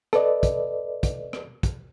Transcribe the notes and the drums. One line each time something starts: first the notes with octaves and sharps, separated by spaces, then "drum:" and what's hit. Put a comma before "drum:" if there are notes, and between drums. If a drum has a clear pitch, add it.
A4 B4 D5 D#5, drum: rim click
drum: kick, hi-hat
drum: kick, hi-hat
drum: rim click
drum: kick, hi-hat